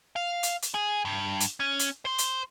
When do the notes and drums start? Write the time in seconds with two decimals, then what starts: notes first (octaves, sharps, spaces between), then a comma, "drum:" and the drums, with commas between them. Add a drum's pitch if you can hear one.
0.16 F5
0.43 drum: hi-hat
0.62 drum: hi-hat
0.74 G#4
1.05 G2
1.40 drum: hi-hat
1.60 C#4
1.79 drum: hi-hat
2.05 C5 C6
2.18 drum: hi-hat